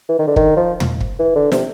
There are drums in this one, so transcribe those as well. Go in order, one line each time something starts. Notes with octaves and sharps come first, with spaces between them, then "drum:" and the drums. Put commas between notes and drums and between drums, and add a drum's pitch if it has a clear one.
E3
D#3
D3
D#3, drum: kick
F3
drum: tom
drum: kick
E3
D3
C3, drum: snare